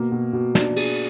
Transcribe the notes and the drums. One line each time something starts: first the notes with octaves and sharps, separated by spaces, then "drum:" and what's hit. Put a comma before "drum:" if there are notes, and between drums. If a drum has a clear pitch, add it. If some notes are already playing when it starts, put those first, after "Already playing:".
Already playing: B2 A#3
B2
B2
D4, drum: snare
G#4, drum: cymbal